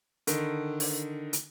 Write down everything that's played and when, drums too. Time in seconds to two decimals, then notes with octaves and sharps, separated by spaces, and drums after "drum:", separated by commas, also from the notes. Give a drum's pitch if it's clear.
0.27 D3 D#3, drum: hi-hat
0.80 drum: open hi-hat
1.33 drum: hi-hat